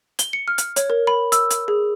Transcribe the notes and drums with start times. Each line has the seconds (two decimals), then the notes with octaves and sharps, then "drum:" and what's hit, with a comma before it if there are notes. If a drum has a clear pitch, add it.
0.19 G7, drum: hi-hat
0.33 C#7
0.48 F6
0.58 drum: hi-hat
0.76 C#5, drum: hi-hat
0.90 A#4
1.07 B5
1.32 E6, drum: hi-hat
1.51 drum: hi-hat
1.68 G#4